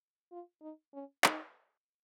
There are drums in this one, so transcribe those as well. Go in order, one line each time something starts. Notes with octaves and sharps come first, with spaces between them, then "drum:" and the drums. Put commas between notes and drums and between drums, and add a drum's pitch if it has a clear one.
F4
D#4
C#4
D#4, drum: clap